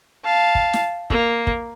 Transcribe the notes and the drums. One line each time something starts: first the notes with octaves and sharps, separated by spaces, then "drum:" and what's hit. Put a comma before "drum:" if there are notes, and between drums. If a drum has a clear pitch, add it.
F5 A5
drum: kick
drum: snare
A#3, drum: kick
drum: kick